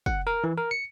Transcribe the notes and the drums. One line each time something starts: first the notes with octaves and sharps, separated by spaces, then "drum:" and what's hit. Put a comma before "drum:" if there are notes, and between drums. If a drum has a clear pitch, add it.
F#5, drum: kick
A#4
E3
A#4
C#7